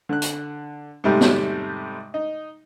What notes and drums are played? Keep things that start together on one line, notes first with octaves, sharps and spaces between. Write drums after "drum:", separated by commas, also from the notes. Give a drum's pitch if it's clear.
D3 F#6
drum: hi-hat
G#2 C3 G3 A3
drum: snare
D#4